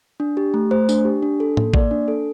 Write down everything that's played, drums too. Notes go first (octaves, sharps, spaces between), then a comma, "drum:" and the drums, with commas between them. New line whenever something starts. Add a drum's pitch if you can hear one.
D4
G4
A3
A3 C5
D4, drum: tambourine
G4
D4
A4
A#3, drum: tom A2
A#3 D5, drum: kick A1
D4
A4